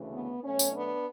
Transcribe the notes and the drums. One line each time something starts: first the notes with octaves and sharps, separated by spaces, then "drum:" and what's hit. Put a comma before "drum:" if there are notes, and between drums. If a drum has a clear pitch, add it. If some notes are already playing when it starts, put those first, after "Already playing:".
Already playing: D2 C#3 E3 A3
B3
B2 F#3 A3 C#4
drum: tambourine
B3 D4